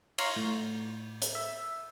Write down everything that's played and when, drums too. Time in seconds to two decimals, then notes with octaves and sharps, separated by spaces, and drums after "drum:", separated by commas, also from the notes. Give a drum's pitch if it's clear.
0.18 C#5 F5 A#5 C6 C#6, drum: cymbal
0.36 A2
1.22 drum: hi-hat
1.35 E5